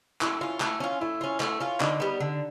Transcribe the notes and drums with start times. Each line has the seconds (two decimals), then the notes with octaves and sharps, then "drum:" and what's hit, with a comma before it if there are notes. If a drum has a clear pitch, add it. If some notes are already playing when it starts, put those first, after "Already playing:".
0.21 A3 E4, drum: clap
0.41 C#4 F4
0.60 A3, drum: clap
0.80 C#4 F4
1.01 A3 E4
1.21 C#4 F4
1.40 A3, drum: clap
1.60 C#4 F4
1.80 D3 D#4, drum: clap
2.00 G3 B3
2.20 D3